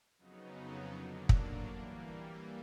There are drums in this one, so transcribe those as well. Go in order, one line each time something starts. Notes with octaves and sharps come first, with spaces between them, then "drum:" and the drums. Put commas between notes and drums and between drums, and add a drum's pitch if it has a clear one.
F2 C#3 F#3 B3 D#4
D3 F#3 A#3 D4
drum: kick
E3 G3 A#3